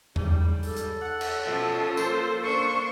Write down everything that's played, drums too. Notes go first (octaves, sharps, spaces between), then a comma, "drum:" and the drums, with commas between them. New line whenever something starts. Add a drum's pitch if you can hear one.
G#2 C#3 G3, drum: tom E2
A4, drum: open hi-hat
drum: hi-hat
F#5
drum: cymbal
B2 F3 C#4 A5
A#3 C5, drum: tambourine
D4 C5 C#6